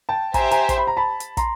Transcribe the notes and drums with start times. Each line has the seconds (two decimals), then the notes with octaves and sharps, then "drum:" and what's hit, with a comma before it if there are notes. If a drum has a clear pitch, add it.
0.09 G5 A5
0.34 G4 C5 E5 G#5 A#5, drum: kick, hi-hat
0.51 G#5 A#5, drum: hi-hat
0.69 C6, drum: kick, hi-hat
0.78 B5
0.87 A#5
0.97 A5 B5
1.20 drum: hi-hat
1.37 A#5 C6, drum: kick, hi-hat